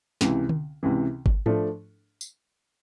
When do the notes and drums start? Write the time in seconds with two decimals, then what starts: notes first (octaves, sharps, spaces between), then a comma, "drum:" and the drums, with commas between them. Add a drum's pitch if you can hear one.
0.21 C#2 C3 E3, drum: snare
0.49 drum: tom D3
0.83 C#2 C3 E3
1.26 drum: kick G1
1.46 F3 A3 D4, drum: tom G#2
2.21 drum: tambourine